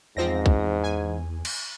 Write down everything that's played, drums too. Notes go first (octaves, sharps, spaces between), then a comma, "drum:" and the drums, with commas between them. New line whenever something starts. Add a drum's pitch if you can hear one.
E2 G#2 F3 C4 A#6
drum: kick
G#5
drum: cymbal